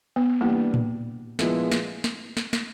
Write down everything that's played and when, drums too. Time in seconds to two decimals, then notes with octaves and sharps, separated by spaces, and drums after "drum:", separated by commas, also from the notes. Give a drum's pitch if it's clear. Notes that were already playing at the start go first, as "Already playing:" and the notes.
0.16 B3
0.41 E3 G3 A#3 B3 D4 G4
0.74 drum: tom A2
1.39 A#2 F3 G#3 B3 E4, drum: snare
1.72 drum: snare
2.04 drum: snare
2.37 drum: snare
2.53 drum: snare